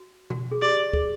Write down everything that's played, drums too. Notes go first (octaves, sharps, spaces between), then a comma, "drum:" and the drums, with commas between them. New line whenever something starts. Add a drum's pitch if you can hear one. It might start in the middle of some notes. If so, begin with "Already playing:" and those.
Already playing: F#4
F#4, drum: tom B2
G#4
G4 D5
G#4, drum: kick